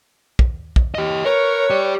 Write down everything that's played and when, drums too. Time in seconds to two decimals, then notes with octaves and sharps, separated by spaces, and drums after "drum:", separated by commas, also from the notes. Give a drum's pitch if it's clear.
0.39 drum: kick
0.76 drum: kick
0.95 G4 D#5
1.26 A#4 B4 C#5
1.70 G4 D5